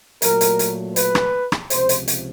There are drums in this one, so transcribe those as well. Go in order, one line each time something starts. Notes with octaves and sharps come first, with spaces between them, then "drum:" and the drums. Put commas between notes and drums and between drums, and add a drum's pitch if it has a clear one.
A#2 F#3 A3 A#4, drum: hi-hat
drum: hi-hat
drum: hi-hat
B4, drum: hi-hat
drum: rim click
drum: rim click
C#2 C3 F3 C5, drum: hi-hat
drum: hi-hat
drum: hi-hat